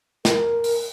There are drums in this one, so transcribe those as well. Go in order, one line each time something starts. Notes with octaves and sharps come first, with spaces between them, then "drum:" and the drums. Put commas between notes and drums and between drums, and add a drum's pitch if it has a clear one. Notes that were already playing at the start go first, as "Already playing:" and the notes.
A#4, drum: snare
drum: open hi-hat